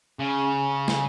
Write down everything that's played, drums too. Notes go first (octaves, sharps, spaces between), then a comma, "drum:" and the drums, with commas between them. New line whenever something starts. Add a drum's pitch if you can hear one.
C#3
drum: snare